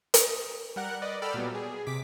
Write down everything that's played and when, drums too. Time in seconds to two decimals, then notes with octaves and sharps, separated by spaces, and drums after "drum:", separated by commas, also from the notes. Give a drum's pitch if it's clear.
0.14 drum: hi-hat
0.76 G3 A#4 F#5 F#6
1.02 B4 D5 D#5
1.22 A4 D5 G5 B5 E6 F6
1.34 A#2 F#3 G3 B3
1.55 G#4
1.86 C3 D6 B6